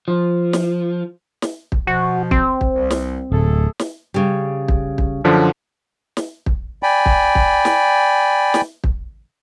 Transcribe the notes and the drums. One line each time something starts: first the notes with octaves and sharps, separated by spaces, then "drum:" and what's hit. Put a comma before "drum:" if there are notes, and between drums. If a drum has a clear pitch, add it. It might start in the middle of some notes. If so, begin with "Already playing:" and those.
F3
drum: snare
drum: snare
drum: kick
B2 F3 F#4
C4, drum: kick
drum: kick
C2
drum: snare
D1 A3 G#4 A4
drum: snare
C#3 G3
drum: kick
drum: kick
F#2 D3 F3
drum: snare
drum: kick
D5 G5 G#5 B5
drum: kick
drum: kick
drum: snare
drum: snare
drum: kick